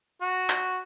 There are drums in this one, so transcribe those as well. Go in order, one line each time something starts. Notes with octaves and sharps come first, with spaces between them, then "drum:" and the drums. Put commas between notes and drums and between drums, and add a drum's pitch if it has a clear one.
F#4
drum: clap